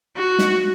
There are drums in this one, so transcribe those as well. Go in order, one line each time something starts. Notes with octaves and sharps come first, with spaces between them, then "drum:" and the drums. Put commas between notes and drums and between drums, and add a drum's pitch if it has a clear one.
F#4
drum: snare